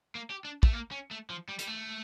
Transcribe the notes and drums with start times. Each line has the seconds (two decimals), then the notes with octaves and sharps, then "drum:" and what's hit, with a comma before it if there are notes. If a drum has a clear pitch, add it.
0.15 A#3
0.30 G4
0.45 D4
0.63 A3, drum: kick
0.73 A#3
0.91 C#4
1.11 A3
1.30 F3
1.48 G3
1.59 G3, drum: hi-hat
1.67 A3